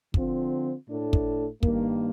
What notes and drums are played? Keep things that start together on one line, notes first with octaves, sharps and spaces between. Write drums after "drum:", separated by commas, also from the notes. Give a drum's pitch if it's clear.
D3 F3 C4 F4, drum: kick
A2 A3 D4 A4
drum: kick
G2 D#3 A#3, drum: kick